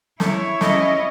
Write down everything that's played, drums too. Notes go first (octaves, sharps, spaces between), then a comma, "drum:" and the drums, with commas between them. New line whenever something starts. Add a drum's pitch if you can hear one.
E4 C#5, drum: snare
C#4 D#5, drum: snare